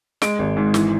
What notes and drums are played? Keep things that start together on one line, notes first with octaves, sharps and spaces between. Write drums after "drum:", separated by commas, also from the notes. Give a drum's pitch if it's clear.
G#3 D7, drum: snare
G#1
G#2
E3, drum: snare